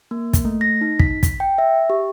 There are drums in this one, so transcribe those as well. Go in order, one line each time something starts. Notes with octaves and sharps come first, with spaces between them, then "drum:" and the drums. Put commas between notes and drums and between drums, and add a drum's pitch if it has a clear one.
A#3
drum: kick, hi-hat
A3
A#6
D#4
B6, drum: kick
drum: kick, hi-hat
G5
E5
G4